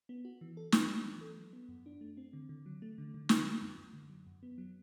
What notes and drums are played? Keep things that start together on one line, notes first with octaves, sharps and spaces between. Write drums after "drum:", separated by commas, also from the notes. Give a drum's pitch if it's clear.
B3
F#4
E3
A4
A3, drum: snare
D4
E3
A4
F#3
B3
F#2
D4
A3
C4
D3
D3
F#3
A3
D3
D3
F#3, drum: snare
A3
F#2
F#2
D3
F#3
F#2
B3
F#3